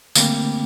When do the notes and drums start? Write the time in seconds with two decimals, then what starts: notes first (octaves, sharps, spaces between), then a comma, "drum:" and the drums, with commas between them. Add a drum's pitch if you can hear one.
0.15 D3 G3 A3 A#3 C4, drum: tambourine